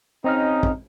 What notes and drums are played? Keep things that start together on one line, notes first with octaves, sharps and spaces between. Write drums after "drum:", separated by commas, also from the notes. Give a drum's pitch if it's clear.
C#3 C4 C#4 D#4 D#5 F6
drum: kick